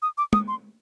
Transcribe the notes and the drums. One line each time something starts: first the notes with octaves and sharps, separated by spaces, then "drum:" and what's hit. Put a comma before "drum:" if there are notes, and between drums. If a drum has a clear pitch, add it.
D#6
D6
D#6, drum: tom
C6